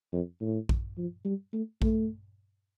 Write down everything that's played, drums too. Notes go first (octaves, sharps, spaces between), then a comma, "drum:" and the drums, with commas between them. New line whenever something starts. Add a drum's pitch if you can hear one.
F2
A2
drum: kick A#1
F3
G3
A3
A3, drum: kick A#1